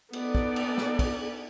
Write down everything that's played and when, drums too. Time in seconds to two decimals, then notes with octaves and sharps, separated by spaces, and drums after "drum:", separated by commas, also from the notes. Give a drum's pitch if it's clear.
0.13 B3 D#4 A4 D5, drum: cymbal
0.35 drum: kick
0.56 drum: cymbal
0.78 drum: snare
0.99 drum: kick, cymbal